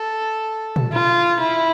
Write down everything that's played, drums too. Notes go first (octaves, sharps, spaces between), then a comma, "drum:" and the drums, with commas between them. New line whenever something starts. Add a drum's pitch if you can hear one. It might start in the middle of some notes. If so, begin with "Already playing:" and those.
Already playing: A4
drum: tom A#2
F4
E4